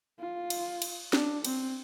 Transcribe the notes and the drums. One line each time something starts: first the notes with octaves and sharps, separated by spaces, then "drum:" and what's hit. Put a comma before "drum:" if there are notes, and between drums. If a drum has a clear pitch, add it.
F4
drum: cymbal
drum: cymbal
D4, drum: snare
C4, drum: cymbal